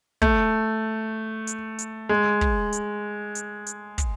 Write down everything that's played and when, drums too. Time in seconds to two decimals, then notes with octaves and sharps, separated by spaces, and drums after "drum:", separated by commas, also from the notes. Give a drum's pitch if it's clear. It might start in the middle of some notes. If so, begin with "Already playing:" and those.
0.22 A3, drum: kick
1.47 drum: hi-hat
1.79 drum: hi-hat
2.09 G#3
2.41 drum: kick
2.72 drum: hi-hat
3.35 drum: hi-hat
3.66 drum: hi-hat
3.98 drum: kick, hi-hat